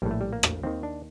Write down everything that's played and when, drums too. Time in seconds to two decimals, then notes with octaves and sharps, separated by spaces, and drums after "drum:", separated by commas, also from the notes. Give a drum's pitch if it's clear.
0.02 A#1 A2 G3
0.11 A3
0.21 G3
0.33 A#3
0.43 drum: rim click
0.63 D#2 D#3 C4
0.83 D4